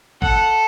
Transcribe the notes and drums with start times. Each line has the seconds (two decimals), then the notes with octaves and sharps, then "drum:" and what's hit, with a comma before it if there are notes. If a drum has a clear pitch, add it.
0.22 A4 F#5, drum: kick G#1